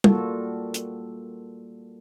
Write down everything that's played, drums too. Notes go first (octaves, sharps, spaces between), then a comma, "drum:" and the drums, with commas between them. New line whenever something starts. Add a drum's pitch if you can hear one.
G3 A#3 F4 F#4 A4, drum: tom
drum: hi-hat